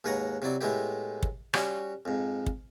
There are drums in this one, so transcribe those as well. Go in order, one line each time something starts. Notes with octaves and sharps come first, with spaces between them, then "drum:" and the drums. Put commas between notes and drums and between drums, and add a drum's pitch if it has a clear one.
D#2 G#2 B4 C#5 F#5 A#5
C3 F#3 E4 D5
A2 G#3 A3 B3 E4 G4
drum: kick
G3 C#4 F#4, drum: rim click
F2 G#2
drum: kick